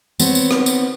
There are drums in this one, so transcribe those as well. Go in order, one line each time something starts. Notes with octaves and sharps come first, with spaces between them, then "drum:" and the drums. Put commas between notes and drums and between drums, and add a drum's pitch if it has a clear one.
B3 C4 C#5, drum: tambourine
drum: tambourine
drum: rim click
drum: tambourine